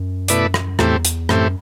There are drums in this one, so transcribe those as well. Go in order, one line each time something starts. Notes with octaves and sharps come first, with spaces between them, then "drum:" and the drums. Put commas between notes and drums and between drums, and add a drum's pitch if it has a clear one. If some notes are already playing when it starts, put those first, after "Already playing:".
Already playing: F#2
B2 A3 E4 B4 D5, drum: hi-hat
drum: rim click
E2 A2 E3 A3 C4 G4, drum: rim click
drum: hi-hat
F#2 A2 E3 A3 C4 G4, drum: rim click